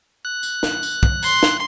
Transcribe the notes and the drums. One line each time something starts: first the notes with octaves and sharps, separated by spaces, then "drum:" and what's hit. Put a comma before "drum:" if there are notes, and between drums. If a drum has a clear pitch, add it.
F#6
drum: tambourine
drum: snare
drum: tambourine
drum: kick
C6, drum: tambourine
drum: snare